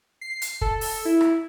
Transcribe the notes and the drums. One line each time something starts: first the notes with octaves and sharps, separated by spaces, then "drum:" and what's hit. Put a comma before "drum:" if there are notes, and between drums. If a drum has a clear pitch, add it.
C7
drum: hi-hat
A4, drum: kick
drum: open hi-hat
E4
drum: rim click